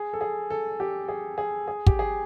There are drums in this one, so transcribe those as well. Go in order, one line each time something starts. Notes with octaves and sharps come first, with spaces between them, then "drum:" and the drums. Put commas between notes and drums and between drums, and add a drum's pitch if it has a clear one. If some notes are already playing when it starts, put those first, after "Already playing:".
Already playing: G#4
A4
G#4
A4
G4
G#4
G#4
G#4
G4, drum: kick
G#4